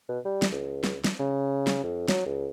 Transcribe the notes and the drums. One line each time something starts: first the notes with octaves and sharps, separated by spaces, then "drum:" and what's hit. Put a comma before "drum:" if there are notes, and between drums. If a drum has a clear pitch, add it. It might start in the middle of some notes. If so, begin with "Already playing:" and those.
B2
G3
drum: snare
C#2
drum: snare
drum: snare
C#3
drum: snare
F2
F#3, drum: snare
C#2